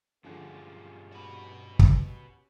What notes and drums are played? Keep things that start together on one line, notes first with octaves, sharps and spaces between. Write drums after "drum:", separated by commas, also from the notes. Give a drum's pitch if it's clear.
G2 D3 F3 C#4 F4 G4 G#4
F#4 B4
drum: kick